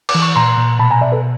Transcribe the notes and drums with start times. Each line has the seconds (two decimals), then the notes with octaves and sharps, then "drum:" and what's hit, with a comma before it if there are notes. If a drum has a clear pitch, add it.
0.09 D6, drum: cymbal
0.15 E3
0.22 C#6
0.36 A#2 A#5 C6
0.57 A#2
0.79 B2 A5 B5
0.91 G#5 A#5
1.01 B2 D5 E5
1.12 A4 B4